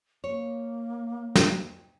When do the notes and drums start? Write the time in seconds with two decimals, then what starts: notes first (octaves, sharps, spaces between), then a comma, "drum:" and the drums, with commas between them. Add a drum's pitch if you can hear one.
0.24 A#3 C#5
1.36 drum: snare